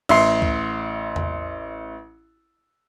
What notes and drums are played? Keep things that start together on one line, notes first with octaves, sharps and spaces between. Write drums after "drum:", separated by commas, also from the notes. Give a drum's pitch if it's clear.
A1 E5 C6 C7, drum: cymbal
drum: kick C#2
drum: tom E2